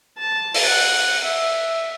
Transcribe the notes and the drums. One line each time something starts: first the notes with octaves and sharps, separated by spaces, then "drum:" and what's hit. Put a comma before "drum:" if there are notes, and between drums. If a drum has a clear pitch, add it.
A5
drum: open hi-hat
F#5
E5